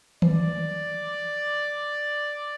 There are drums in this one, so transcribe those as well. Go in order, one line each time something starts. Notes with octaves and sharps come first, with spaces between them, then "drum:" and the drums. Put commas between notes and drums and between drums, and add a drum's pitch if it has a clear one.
D5, drum: tom D#3